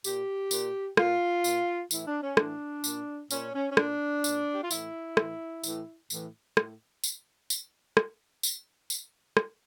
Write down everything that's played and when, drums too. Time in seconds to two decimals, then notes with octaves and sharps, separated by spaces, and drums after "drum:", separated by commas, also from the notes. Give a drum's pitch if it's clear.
0.04 A#2 G4, drum: tambourine
0.51 A#2, drum: tambourine
0.97 A#2 F4, drum: rim click
1.44 A#2, drum: tambourine
1.91 A2 E3 E4, drum: tambourine
2.06 D4
2.22 C#4
2.37 A2 E3 D4, drum: rim click
2.84 A#2, drum: tambourine
3.30 A#2 C#4, drum: tambourine
3.54 C#4
3.71 C#4
3.77 A#2 D4, drum: rim click
4.24 A#2, drum: tambourine
4.54 G4
4.62 F4
4.71 A2 E3 E4, drum: tambourine
5.17 A2 E3, drum: rim click
5.64 A2 E3, drum: tambourine
6.10 A2 E3, drum: tambourine
6.57 A2, drum: rim click
7.04 drum: tambourine
7.50 drum: tambourine
7.97 drum: rim click
8.43 drum: tambourine
8.90 drum: tambourine
9.37 drum: rim click